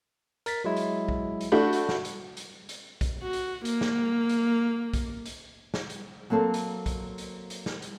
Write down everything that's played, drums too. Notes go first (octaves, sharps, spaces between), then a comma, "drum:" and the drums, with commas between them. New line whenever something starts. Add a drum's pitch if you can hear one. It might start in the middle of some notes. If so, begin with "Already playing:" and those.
A#4 A6 B6, drum: hi-hat
F#3 G#3 E4
drum: hi-hat
drum: kick B1
drum: hi-hat
A3 D4 F#4 B5 G6
drum: hi-hat
drum: snare
drum: hi-hat
drum: hi-hat
drum: hi-hat
drum: kick B1, hi-hat
F#4
drum: hi-hat
A#3, drum: hi-hat
drum: snare
drum: hi-hat
drum: kick B1, hi-hat
drum: hi-hat
drum: snare
drum: hi-hat
F#3 A#3 C4 A4 C5
drum: hi-hat
drum: kick B1, hi-hat
drum: hi-hat
drum: hi-hat
drum: snare
drum: hi-hat